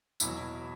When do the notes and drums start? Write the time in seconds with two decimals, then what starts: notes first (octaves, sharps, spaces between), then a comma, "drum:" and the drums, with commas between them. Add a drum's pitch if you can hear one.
0.20 E1 E2 B2 F#3 E4, drum: tambourine
0.37 E4